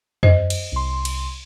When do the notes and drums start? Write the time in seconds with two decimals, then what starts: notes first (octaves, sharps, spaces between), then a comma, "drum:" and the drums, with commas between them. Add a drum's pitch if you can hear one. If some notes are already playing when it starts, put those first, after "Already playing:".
0.23 F#2 C5 D#5, drum: tom E2
0.50 drum: cymbal
0.72 C2 C6
1.05 drum: cymbal